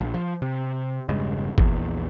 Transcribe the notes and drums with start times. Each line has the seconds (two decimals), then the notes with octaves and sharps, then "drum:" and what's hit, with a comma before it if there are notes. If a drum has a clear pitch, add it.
0.01 A#1
0.14 F3
0.42 C3
1.09 E1 G2 C#3 G#3
1.58 A#1 E2, drum: kick